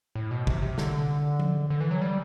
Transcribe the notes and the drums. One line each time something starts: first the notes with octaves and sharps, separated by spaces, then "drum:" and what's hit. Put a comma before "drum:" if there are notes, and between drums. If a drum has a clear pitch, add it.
A2
B2
C3, drum: kick
C3
D3, drum: snare
drum: tom F3
D3
E3
F#3
G3